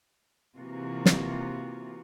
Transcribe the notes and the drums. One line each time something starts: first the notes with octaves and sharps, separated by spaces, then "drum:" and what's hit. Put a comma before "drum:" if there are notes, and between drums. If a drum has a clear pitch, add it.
C3 E3 A#3 F4 F#4
drum: snare